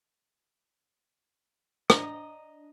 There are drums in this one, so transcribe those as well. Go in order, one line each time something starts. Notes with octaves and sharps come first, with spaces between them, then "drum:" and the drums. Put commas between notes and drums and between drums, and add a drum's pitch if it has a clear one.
D4 D#5 A#5, drum: rim click